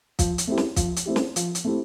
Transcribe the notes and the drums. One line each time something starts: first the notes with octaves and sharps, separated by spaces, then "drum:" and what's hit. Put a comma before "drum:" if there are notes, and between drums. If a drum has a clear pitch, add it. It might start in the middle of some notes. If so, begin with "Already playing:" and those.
F3, drum: kick, hi-hat
drum: hi-hat
A3 C4 E4 G4
drum: snare
F3, drum: kick, hi-hat
drum: hi-hat
A3 C4 E4 G4
drum: snare
F3, drum: hi-hat
drum: hi-hat
A3 C4 E4 G4